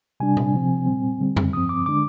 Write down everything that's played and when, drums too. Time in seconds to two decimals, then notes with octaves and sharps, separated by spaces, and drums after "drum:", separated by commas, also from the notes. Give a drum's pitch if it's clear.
0.20 C3 G3 D4 G#5
0.37 drum: tom A#2
0.53 C3 F3 C4
0.86 A#2 G3 C4
1.20 D3 G3 C4
1.36 drum: tom F2
1.53 G2 F3 C4 D#6
1.69 D6
1.86 D3 G#3 D4 D6